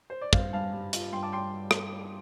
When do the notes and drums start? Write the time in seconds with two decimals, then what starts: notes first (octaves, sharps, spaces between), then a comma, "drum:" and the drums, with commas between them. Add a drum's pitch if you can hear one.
0.10 C5
0.22 D5
0.33 G2 C5 F5, drum: kick
0.53 G2 F5 A5
0.73 G3
0.93 F4, drum: hi-hat
1.13 G2 G5 C6
1.23 A5 D6
1.33 G5 C6
1.71 drum: rim click